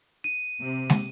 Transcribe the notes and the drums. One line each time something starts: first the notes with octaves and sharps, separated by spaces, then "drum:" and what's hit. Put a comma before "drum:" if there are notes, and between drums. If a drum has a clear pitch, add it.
D#7
C3
drum: snare